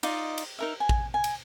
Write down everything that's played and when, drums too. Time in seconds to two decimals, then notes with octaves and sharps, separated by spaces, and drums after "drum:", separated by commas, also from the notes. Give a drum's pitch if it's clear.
0.03 D#4 F4 D5 D#5, drum: cymbal
0.38 drum: cymbal
0.59 D#4 A#4 E5
0.80 G#5
0.89 drum: kick A1
1.14 G#5
1.24 drum: cymbal